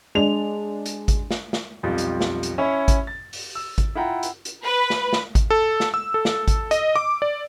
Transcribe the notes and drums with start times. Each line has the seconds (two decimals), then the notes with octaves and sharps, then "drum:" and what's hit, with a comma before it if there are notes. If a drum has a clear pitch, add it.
0.15 G#3 D4 F7
0.86 drum: hi-hat
1.08 drum: kick G#1, hi-hat
1.31 drum: snare
1.53 drum: snare
1.83 B1 F2 F3 G3
1.98 drum: hi-hat
2.20 drum: snare
2.43 drum: hi-hat
2.58 C#4 E4 C#5 E5
2.88 drum: kick G#1, hi-hat
3.07 A6
3.33 drum: open hi-hat
3.55 E6
3.78 drum: kick G#1, hi-hat
3.95 E4 F4 F#5 G5 A#5
4.23 drum: hi-hat
4.45 drum: hi-hat
4.63 B4
4.90 drum: snare
5.13 drum: snare
5.35 drum: kick G#1, hi-hat
5.50 A4
5.80 drum: snare
5.94 E6
6.14 A4
6.25 drum: snare
6.48 drum: kick G#1, hi-hat
6.71 D#5, drum: hi-hat
6.96 D6
7.22 D5